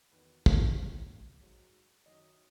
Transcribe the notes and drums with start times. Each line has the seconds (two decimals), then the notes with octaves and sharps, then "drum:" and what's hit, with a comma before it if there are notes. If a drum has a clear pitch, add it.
0.11 E2 D#3 F#3 B4
0.46 drum: kick
0.77 D#2 D#3 F#3 C#5
1.41 G#2 F#3
2.06 F#2 D#3 F#3 D#5